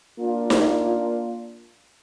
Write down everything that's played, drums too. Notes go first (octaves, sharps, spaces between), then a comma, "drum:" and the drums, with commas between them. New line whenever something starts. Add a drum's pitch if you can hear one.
A#3 D4 F4
drum: snare D#4